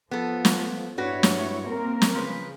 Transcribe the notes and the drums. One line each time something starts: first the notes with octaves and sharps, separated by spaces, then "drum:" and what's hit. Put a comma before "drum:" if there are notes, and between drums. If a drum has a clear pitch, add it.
F3 B3 A4
drum: snare
G2 D4 E4 F#4 B4 C#5
drum: snare
A#3 C4 A#4
drum: snare
C#3 F3 B4